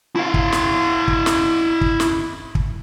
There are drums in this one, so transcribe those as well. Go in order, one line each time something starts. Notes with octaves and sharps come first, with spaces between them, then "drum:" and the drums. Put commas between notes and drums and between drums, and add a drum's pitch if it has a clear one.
E4 F5
drum: kick
drum: snare
drum: kick
drum: snare
drum: kick
drum: snare
drum: kick